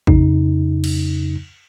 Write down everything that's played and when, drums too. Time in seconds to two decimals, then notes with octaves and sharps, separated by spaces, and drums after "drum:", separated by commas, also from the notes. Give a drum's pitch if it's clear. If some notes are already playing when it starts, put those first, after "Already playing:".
0.07 F2 C#3 D#4, drum: kick
0.84 drum: cymbal